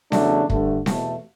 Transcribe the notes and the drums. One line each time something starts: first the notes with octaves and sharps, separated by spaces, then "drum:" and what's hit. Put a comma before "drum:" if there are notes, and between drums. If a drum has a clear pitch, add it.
E2 C#3 F#3 A3 D4, drum: snare C4
G2 D3 A3, drum: kick
E2 B2 A3, drum: snare C4